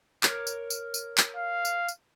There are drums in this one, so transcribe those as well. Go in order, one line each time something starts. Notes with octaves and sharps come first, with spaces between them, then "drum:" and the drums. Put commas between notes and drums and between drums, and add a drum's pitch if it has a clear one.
A#4 C#5 D6, drum: clap
drum: tambourine
drum: tambourine
drum: tambourine
drum: clap
F5
drum: tambourine
drum: tambourine